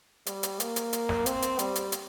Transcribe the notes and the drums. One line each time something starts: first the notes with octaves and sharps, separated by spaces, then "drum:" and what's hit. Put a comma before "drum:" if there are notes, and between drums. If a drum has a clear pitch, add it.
G3, drum: hi-hat
drum: hi-hat
A#3, drum: hi-hat
drum: hi-hat
drum: hi-hat
drum: snare
C4, drum: hi-hat
drum: hi-hat
G3, drum: hi-hat
drum: hi-hat
drum: hi-hat